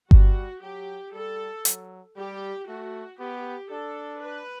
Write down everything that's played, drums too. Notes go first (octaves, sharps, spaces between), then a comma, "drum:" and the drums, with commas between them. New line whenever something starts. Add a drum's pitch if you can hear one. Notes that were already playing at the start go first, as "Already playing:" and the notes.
G3 F#4, drum: kick G1
F#3 G4
G3 A4
F#3, drum: hi-hat
G3 G4
A3 F#4
B3 G4
D4 A4
B4